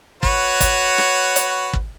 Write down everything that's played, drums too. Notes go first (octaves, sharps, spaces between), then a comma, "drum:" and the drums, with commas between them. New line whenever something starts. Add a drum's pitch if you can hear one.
F#4 B4 C#5, drum: kick
drum: kick, hi-hat
drum: rim click
drum: hi-hat
drum: kick